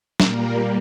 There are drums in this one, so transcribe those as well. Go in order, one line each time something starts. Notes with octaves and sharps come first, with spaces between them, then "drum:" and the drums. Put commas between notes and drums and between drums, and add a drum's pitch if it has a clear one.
A#2 G3 A#3 A#4, drum: snare